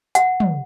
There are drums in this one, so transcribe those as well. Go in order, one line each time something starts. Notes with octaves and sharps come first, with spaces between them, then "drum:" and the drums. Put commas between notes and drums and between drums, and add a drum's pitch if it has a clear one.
F#5, drum: hi-hat
drum: tom